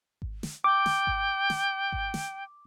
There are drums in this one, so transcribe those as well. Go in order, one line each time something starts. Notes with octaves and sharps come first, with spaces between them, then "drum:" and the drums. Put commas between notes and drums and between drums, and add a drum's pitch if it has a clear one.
drum: kick G#1
drum: snare
G5 D6
drum: snare
drum: kick G#1
drum: snare
drum: kick G#1
drum: snare